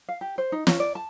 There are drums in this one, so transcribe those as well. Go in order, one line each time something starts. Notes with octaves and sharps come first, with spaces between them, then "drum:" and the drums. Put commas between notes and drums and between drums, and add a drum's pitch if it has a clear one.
F5
G4
C5
D#4
C#4, drum: snare
D5
A5